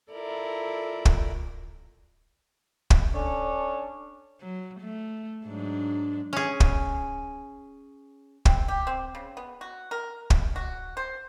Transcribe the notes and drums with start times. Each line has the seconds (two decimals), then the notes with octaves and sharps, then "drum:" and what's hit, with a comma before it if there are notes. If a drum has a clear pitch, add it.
0.12 E4 F4 A4 A#4 D5
1.05 drum: kick
2.90 drum: kick
3.14 C#4 D4 A4 C#5
4.41 F#3
4.80 A3
5.46 G#2 F#3 D4
6.33 C#4 G#4
6.60 drum: kick
8.45 C4, drum: kick
8.68 G4
8.87 C4
9.15 C#3
9.37 B3
9.61 F#4
9.91 A#4
10.30 drum: kick
10.56 F#4
10.97 C5